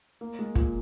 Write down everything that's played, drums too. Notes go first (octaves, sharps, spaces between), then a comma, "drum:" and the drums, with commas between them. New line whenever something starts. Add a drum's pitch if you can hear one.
A#3
G#3
A#2, drum: kick